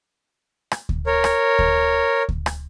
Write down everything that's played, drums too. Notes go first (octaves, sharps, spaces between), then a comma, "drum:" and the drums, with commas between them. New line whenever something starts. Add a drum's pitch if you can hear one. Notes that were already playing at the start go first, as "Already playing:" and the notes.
drum: rim click
drum: kick D2
A#4 C#5
drum: rim click
drum: kick D2
drum: kick D2
drum: rim click